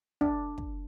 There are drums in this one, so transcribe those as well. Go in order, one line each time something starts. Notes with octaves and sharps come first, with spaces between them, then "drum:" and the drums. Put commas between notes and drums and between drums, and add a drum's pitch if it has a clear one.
D4, drum: kick
drum: kick